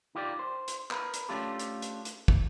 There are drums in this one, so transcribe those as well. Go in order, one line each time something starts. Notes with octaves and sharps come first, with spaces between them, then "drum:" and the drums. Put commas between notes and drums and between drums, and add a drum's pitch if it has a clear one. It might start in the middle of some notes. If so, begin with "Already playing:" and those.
D#4 F4 G4 A#4 C#5 D5
C5
drum: hi-hat
A#4 B4, drum: clap
drum: hi-hat
A3 C#4 D4 F4 G4 A4
drum: hi-hat
drum: hi-hat
drum: hi-hat
drum: kick